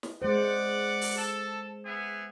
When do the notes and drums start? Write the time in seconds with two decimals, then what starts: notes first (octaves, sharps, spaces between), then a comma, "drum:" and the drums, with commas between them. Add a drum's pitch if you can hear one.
0.03 drum: snare
0.22 G#3 C5 D5 F#5
1.01 drum: open hi-hat
1.16 A4 A5
1.84 B3 G#4 E5